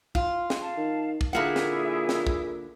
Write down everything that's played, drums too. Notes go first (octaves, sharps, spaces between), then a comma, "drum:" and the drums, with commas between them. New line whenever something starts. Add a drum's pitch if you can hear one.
F4, drum: kick
drum: snare
F5 A5
D#3
drum: kick
A#2 D3 A#3 E4 G#4 E5 F#5
drum: snare
drum: snare
drum: kick